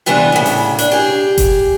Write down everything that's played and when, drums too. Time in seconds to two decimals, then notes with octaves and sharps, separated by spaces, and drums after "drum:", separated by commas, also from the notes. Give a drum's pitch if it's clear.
0.06 C3 E3 G3 B3 D4
0.32 A2 C#3
0.46 drum: open hi-hat
0.79 D4, drum: hi-hat
0.92 G4 G#4
1.38 drum: kick F#1, hi-hat